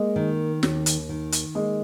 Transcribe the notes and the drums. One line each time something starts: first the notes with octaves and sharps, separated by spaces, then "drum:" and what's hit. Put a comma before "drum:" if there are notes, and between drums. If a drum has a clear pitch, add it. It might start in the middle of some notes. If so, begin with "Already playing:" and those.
Already playing: G#3 A#3
D#3
D#2, drum: snare
drum: hi-hat
D#3
drum: hi-hat
G#3 A#3